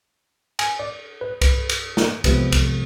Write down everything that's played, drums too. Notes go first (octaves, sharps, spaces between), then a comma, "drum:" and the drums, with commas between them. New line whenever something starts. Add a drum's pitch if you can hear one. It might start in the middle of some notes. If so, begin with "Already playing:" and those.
G#5, drum: cymbal
D5
B4
B4, drum: kick C2, cymbal
drum: cymbal
drum: snare
E2 C3 F3 G#3 B4, drum: kick C2, cymbal
drum: kick C2, cymbal